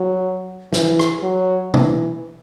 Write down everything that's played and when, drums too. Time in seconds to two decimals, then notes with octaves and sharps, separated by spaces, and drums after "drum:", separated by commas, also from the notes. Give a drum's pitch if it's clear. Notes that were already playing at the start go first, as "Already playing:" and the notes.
Already playing: F#3
0.73 E3, drum: snare
0.99 drum: rim click
1.23 F#3
1.74 E3, drum: tom B2